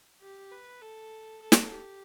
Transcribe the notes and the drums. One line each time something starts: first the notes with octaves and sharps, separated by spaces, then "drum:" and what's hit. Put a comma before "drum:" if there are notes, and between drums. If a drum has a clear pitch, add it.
G4
B4
A4
A4
drum: snare
G4